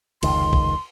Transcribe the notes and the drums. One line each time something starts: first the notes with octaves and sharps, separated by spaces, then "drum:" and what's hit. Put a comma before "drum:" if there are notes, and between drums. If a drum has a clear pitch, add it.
F1 C#2 D#3 C6, drum: cymbal
drum: kick A#1